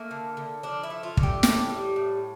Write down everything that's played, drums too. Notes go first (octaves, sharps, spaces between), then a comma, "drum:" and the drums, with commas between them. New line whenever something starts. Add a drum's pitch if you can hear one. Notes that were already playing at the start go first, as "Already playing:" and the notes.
Already playing: A3 A#3
D3
D3
F3 D4
E4
A3
F4
D3, drum: kick
G4
A2 G4, drum: snare
G3
A2